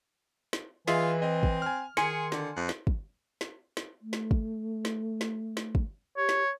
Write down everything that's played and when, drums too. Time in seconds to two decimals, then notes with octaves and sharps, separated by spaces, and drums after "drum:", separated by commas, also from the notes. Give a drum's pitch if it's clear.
0.53 drum: snare
0.88 E3 F4 G#4 D#5 E5, drum: snare
1.22 C4 D#5
1.43 drum: kick
1.62 G#5 F6
1.97 D#3 G#4 G#5 C6 C#7, drum: snare
2.32 D3, drum: snare
2.56 F2
2.69 drum: snare
2.87 drum: kick
3.41 drum: snare
3.77 drum: snare
4.01 A3
4.13 drum: snare
4.31 drum: kick
4.85 drum: snare
5.21 drum: snare
5.57 drum: snare
5.75 drum: kick
6.17 G4 C#5
6.29 drum: snare